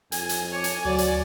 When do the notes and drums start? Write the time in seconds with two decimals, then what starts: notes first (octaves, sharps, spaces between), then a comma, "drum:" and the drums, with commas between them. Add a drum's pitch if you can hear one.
0.12 F2 G#5, drum: hi-hat
0.29 drum: hi-hat
0.52 C#5 G#5 A5 D6
0.64 drum: hi-hat
0.85 D2 F#3 D5
0.98 drum: hi-hat